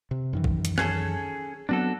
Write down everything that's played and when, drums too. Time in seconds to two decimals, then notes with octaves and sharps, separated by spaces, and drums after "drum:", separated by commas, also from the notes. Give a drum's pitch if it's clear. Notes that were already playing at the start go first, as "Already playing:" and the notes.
0.11 C3
0.33 F#2 D#3 E3
0.44 drum: kick
0.65 drum: hi-hat
0.78 C#4 G#4 A4, drum: rim click
1.69 F#3 B3 C4 D4 F#4 A4